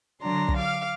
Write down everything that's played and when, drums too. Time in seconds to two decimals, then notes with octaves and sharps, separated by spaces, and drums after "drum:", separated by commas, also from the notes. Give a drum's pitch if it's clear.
0.22 D3 F#3 D4 A#5 C6
0.48 drum: kick
0.58 F5 D6 F6